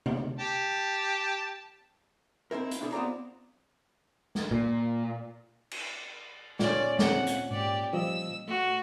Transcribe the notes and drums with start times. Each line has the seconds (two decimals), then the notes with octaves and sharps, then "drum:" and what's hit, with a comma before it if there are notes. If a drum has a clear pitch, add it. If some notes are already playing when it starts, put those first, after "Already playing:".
0.06 drum: tom
0.39 G4 A5
2.51 C4 D#4 E4 A#4
2.71 drum: hi-hat
2.81 D4 E4 G#4 A4
2.92 B3 C4 F4 D5 A#5
4.35 drum: snare
4.51 A#2
5.71 drum: cymbal
6.59 A#2 C#4 D5, drum: snare
6.99 C4 F#5, drum: snare
7.27 drum: hi-hat
7.51 G#2 G4 D5
7.93 F3 G3 D#5 E6
8.48 A3 F#4